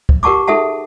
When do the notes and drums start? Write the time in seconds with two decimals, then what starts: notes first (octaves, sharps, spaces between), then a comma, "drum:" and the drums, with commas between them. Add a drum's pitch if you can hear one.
0.09 drum: kick
0.23 G4 A#4 F#5 A5 C#6 D6
0.47 D#4 G#4 A4 E5 F#5 A5